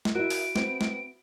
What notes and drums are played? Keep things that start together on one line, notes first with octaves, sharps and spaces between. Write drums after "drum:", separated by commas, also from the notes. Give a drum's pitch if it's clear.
drum: snare
E4 F#4 A#4 D#5 E5 D7
drum: open hi-hat
B3 C4, drum: snare
drum: snare